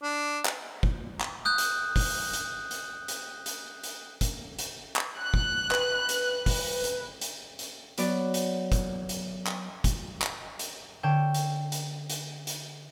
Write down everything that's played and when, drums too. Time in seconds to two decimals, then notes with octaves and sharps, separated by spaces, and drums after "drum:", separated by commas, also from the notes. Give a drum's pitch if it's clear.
0.03 D4
0.46 drum: clap
0.83 drum: kick
1.21 drum: clap
1.45 D#6 F#6 G6
1.58 drum: hi-hat
1.96 drum: kick, open hi-hat
2.33 drum: hi-hat
2.71 drum: hi-hat
3.08 drum: hi-hat
3.46 drum: hi-hat
3.83 drum: hi-hat
4.21 drum: kick, hi-hat
4.59 drum: hi-hat
4.96 drum: clap
5.20 F#6
5.34 drum: kick
5.71 B4, drum: clap
6.09 drum: hi-hat
6.46 drum: kick, open hi-hat
6.84 drum: hi-hat
7.21 drum: hi-hat
7.59 drum: hi-hat
7.98 F#3 B3 D5, drum: hi-hat
8.34 drum: hi-hat
8.72 drum: kick, hi-hat
9.09 drum: hi-hat
9.47 drum: clap
9.84 drum: kick, hi-hat
10.22 drum: clap
10.59 drum: hi-hat
11.03 D3 C#5 G5 E7
11.34 drum: hi-hat
11.72 drum: hi-hat
12.10 drum: hi-hat
12.47 drum: hi-hat